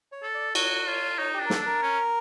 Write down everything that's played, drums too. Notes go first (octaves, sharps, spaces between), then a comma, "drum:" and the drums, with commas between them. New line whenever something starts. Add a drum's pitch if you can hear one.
C#5
A4
D5
F#4 C#5, drum: cymbal
F4 C#5
D#4 C#5
G4
D4
A#4
A4, drum: snare
D4
A#4
C#4